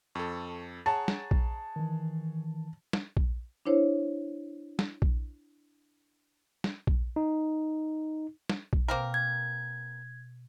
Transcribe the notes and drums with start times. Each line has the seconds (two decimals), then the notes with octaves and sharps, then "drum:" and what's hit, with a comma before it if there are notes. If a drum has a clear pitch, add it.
0.15 F2 A4 A5 C#6
0.86 G#4 C#5 F#5 A5 A#5
1.08 drum: snare
1.31 drum: kick A#1
1.76 D#3 E3
2.93 drum: snare
3.17 drum: kick A#1
3.65 D4 E4 C5 C#5
4.79 drum: snare
5.02 drum: kick A#1
6.64 drum: snare
6.87 drum: kick A#1
7.16 D#4
8.50 drum: snare
8.73 drum: kick A#1
8.88 B2 A#3 C4 A#4
9.14 G#6